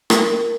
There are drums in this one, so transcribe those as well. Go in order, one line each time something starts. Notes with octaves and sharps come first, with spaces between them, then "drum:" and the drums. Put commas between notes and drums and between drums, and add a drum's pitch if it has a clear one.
A#4, drum: rim click